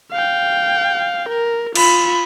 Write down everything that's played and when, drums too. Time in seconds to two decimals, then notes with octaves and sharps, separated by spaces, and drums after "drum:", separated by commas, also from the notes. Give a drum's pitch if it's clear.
0.11 F5 G5
1.29 A#4
1.75 F4 B5, drum: cymbal